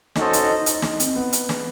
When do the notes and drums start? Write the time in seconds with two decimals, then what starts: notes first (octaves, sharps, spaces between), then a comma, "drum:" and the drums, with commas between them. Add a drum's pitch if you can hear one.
0.16 C#4 D#4 F#4 A4 C5 D#5, drum: snare
0.33 D#4, drum: hi-hat
0.50 D#4
0.66 D#4, drum: hi-hat
0.82 D#4, drum: snare
1.00 C4, drum: hi-hat
1.15 B3
1.33 drum: hi-hat
1.49 drum: snare